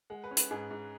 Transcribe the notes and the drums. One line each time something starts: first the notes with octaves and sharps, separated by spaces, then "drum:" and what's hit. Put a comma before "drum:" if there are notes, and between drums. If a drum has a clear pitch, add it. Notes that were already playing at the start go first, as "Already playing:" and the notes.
G#3 F#5
B4
C#4
B4, drum: hi-hat
G#2 G#4
G#2